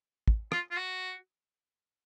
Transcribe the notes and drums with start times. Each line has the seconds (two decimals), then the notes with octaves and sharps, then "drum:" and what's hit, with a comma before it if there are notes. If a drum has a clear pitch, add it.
0.28 drum: kick
0.52 F4, drum: rim click
0.71 F4
0.76 F#4